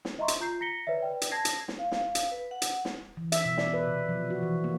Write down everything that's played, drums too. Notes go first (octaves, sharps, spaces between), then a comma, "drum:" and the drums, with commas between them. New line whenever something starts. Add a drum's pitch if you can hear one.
drum: snare
D#5 E5 A#5 C6 C#6
drum: hi-hat
F4 A#5 G6 C7
A#5 A#6 B6 C#7 G7
B4 C#5 D5 E5
B4 D5 G5
drum: hi-hat
A5 G#6 A#6 C7
drum: hi-hat
drum: snare
F5
F5, drum: snare
drum: hi-hat
B4
F#5
drum: hi-hat
drum: snare
E3
E5, drum: hi-hat
B2
D5, drum: snare
B4
C3
F3
F#4
E3
A#3